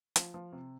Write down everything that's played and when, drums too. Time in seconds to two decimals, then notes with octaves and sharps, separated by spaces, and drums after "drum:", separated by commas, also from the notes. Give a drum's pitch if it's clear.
0.16 F3, drum: hi-hat
0.34 F3
0.52 C3